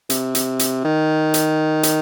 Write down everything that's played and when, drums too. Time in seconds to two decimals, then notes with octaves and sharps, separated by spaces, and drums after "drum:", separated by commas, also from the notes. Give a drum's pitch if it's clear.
0.10 C3, drum: hi-hat
0.35 drum: hi-hat
0.59 drum: hi-hat
0.84 D#3
1.34 drum: hi-hat
1.83 drum: hi-hat